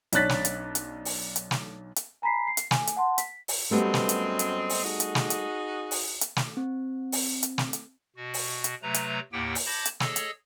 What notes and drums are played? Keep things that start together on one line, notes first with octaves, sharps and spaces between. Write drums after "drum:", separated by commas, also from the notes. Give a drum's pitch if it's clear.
B1 C#4 D4 F#6 A6 B6, drum: hi-hat
drum: snare
drum: hi-hat
drum: hi-hat
drum: open hi-hat
drum: hi-hat
drum: snare
drum: hi-hat
G#5 A#5 B5 B6 C7
C7
drum: hi-hat
G#5, drum: snare
drum: hi-hat
F#5 A5 C6
B6, drum: hi-hat
drum: open hi-hat
F#2 G3 A3 B3 C4 D#5
drum: snare
drum: hi-hat
drum: hi-hat
drum: open hi-hat
D#4 F#4 G#4
drum: hi-hat
drum: snare
drum: hi-hat
drum: open hi-hat
drum: hi-hat
drum: snare
C4
drum: open hi-hat
drum: hi-hat
drum: snare
drum: hi-hat
B2 F#4
drum: open hi-hat
drum: hi-hat
C3 F#3 A3 B4 A#5
drum: hi-hat
D#2 A2 A#3 G4 F#5 G5
drum: open hi-hat
A5 B5 D6 G6 G#6 A#6
drum: hi-hat
G#4 A4 C#5 D#5 E6, drum: snare
drum: hi-hat